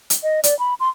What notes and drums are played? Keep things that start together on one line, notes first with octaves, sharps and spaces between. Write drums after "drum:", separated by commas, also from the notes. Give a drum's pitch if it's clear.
drum: hi-hat
D#5
D5, drum: hi-hat
B5
C6